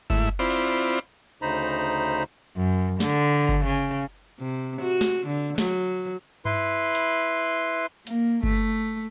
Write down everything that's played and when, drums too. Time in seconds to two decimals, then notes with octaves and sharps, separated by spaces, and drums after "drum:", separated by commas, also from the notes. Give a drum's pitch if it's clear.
0.10 G#2 A3 E4 E5, drum: kick G1
0.39 C4 E4 F4 C5 D5 B5
0.50 drum: open hi-hat
1.42 D2 C#3 D#4 C5 A#5 B5
2.57 F#2
3.00 D3, drum: snare
3.49 drum: kick G1
3.65 C#3
4.39 C3
4.81 F#4
5.01 drum: snare
5.26 D3
5.58 F#3, drum: snare
6.45 E4 B4 C6, drum: tom G2
6.95 drum: hi-hat
8.07 A#3, drum: hi-hat
8.43 A3, drum: kick G1